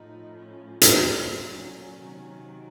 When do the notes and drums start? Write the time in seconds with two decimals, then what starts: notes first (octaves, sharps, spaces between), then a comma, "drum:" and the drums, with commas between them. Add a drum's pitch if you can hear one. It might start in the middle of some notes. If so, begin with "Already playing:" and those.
Already playing: A2 F3 D#4
0.38 C#4
0.81 drum: hi-hat
0.92 A#2 F#3 C4
1.45 C#4
1.98 C3 D#3 F#3